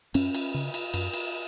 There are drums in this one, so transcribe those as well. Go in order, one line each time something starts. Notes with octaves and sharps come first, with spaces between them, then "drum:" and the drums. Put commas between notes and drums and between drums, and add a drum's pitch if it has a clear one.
F#2 C#4, drum: cymbal
drum: cymbal
C#3
drum: cymbal
F#2, drum: cymbal
drum: cymbal